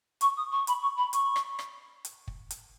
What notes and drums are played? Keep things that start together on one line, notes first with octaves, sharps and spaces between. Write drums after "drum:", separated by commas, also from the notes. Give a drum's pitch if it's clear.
C#6, drum: hi-hat
D#6
C#6
B5, drum: hi-hat
C#6
B5
C#6, drum: hi-hat
drum: rim click
drum: rim click
drum: hi-hat
drum: kick
drum: hi-hat